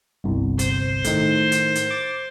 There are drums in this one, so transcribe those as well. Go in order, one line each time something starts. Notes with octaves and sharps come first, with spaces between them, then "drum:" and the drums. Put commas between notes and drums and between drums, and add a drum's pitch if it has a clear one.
G1 C2
C5, drum: hi-hat
A2 D#3, drum: hi-hat
drum: hi-hat
drum: hi-hat
D6 A6